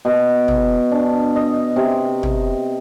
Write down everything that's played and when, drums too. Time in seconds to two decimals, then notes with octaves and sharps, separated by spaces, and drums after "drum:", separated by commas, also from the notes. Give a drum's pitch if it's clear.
0.05 B2
0.48 drum: tom
0.91 D4
1.36 D#5
1.76 C3
2.23 drum: tom